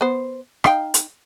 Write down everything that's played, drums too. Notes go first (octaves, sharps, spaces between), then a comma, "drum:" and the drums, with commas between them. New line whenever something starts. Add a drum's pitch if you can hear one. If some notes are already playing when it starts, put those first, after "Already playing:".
B3 C5
D#4 F5 G5, drum: rim click
drum: hi-hat